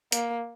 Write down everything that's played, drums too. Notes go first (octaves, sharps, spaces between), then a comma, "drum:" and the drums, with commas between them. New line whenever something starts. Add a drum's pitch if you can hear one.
A#3, drum: hi-hat